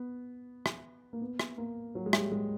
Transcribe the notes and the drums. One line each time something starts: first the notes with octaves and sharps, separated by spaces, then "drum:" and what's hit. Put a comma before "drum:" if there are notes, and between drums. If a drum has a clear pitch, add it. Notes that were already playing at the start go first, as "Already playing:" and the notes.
Already playing: B3
drum: rim click
A#3
B3
drum: rim click
A#3
F#3
G#3
G3, drum: rim click
G#3